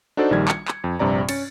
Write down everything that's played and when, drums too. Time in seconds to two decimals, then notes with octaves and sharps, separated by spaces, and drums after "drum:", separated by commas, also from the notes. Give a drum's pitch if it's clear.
0.17 D4 D#4 F#4 A4 C5 D5
0.31 A#1 D#3 G3 G#6
0.48 C#7, drum: clap
0.68 drum: clap
0.84 F2
0.99 A#1 G2 C3 D5 A#5
1.29 C#4 A6 C#7, drum: cymbal